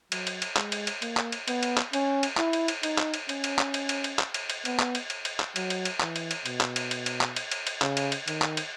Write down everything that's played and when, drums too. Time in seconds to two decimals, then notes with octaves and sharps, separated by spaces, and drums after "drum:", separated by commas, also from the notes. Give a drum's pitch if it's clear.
0.12 F#3, drum: cymbal
0.27 drum: cymbal
0.42 drum: cymbal
0.57 G#3, drum: clap
0.72 drum: cymbal
0.87 drum: cymbal
1.02 A#3, drum: cymbal
1.17 drum: clap
1.32 drum: cymbal
1.48 B3, drum: cymbal
1.63 drum: cymbal
1.78 drum: clap
1.93 C#4, drum: cymbal
2.23 drum: cymbal
2.38 E4, drum: clap
2.53 drum: cymbal
2.68 drum: cymbal
2.83 D#4, drum: cymbal
2.99 drum: clap
3.14 drum: cymbal
3.29 C#4, drum: cymbal
3.44 drum: cymbal
3.59 drum: clap
3.74 drum: cymbal
3.89 drum: cymbal
4.04 drum: cymbal
4.19 drum: clap
4.34 drum: cymbal
4.50 drum: cymbal
4.65 B3, drum: cymbal
4.80 drum: clap
4.95 drum: cymbal
5.10 drum: cymbal
5.25 drum: cymbal
5.40 drum: clap
5.56 F#3, drum: cymbal
5.70 drum: cymbal
5.85 drum: cymbal
6.01 E3, drum: clap
6.16 drum: cymbal
6.31 drum: cymbal
6.46 B2, drum: cymbal
6.61 drum: clap
6.76 drum: cymbal
6.91 drum: cymbal
7.06 drum: cymbal
7.21 drum: clap
7.36 drum: cymbal
7.52 drum: cymbal
7.67 drum: cymbal
7.82 C#3, drum: clap
7.97 drum: cymbal
8.12 drum: cymbal
8.28 D#3, drum: cymbal
8.42 drum: clap
8.57 drum: cymbal